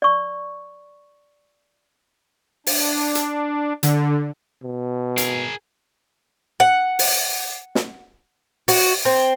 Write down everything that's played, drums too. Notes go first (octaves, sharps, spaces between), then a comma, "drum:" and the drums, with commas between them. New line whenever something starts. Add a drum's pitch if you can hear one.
D5 C#6
D4, drum: open hi-hat
drum: hi-hat
D3, drum: hi-hat
B2
G#4 A#4, drum: hi-hat
F#5
drum: open hi-hat
drum: snare
F#4, drum: open hi-hat
C4